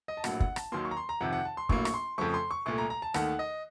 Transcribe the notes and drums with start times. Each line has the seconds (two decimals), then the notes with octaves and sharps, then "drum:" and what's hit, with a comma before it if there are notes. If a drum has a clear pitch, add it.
0.08 D#5
0.17 A5
0.24 A#1 A2 F#3 A#3 F#5, drum: rim click
0.40 F#5, drum: kick
0.56 A5, drum: rim click
0.72 D#2 D#3 F#3 A#3 C6
0.85 C#6
0.91 A#5
0.97 C6
1.09 A#5
1.21 F2 C3 D#3 F#5
1.33 F#5
1.45 A5
1.57 C6
1.69 A#1 A2 F#3 A#3 C#6, drum: kick
1.85 C#6, drum: rim click
1.94 C6
2.18 F2 C#3 F3 A3 C#6
2.34 C6
2.51 C#6
2.66 C2 A#2 A3 C#6
2.78 A#5
2.90 A#5
3.02 A5
3.14 D#2 D#3 A3 F#5, drum: rim click
3.39 D#5